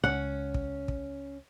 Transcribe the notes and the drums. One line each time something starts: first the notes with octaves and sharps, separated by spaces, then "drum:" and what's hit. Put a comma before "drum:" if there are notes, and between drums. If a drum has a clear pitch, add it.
C#2 C#4 F#5
drum: kick
drum: kick